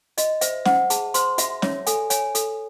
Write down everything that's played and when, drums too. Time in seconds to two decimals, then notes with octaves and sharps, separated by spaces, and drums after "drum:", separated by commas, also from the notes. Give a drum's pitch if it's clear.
0.18 F#4 D#5, drum: hi-hat
0.41 C5 E5, drum: hi-hat
0.65 C5 F#5, drum: snare C#4
0.90 G#4 A5, drum: hi-hat
1.14 C5 C6, drum: hi-hat
1.38 F#4 E5, drum: hi-hat
1.62 C#5 E5, drum: snare C#4
1.86 A4 G#5, drum: hi-hat
2.10 C#5 G#5, drum: hi-hat
2.35 A4, drum: hi-hat